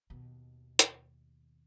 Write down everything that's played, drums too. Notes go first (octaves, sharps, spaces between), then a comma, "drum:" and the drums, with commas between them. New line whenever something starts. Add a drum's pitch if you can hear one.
D#2 B2
drum: hi-hat